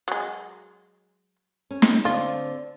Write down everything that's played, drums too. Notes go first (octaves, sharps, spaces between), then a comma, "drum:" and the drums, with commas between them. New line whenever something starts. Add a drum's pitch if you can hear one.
F#3 G#3
C#4
drum: snare
D3 C4 F4